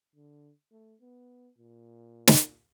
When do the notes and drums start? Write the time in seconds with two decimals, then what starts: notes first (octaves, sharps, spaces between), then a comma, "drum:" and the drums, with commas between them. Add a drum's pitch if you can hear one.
0.15 D3
0.71 A3
1.01 B3
1.58 A#2
2.27 drum: snare